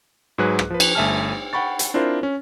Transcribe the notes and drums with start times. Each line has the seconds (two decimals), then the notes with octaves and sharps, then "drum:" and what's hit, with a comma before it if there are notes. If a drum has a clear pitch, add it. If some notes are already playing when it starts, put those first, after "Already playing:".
0.38 G#2 F#3 G#4 B4 F#6
0.59 drum: rim click
0.70 F3 B4
0.80 drum: cymbal
0.95 G1 A3 E5 G#5 A5 F6
1.53 F#5 G5 B5 C#6 A6
1.79 drum: hi-hat
1.94 C4 D4 E4 F4 A#4 C5
2.23 C#4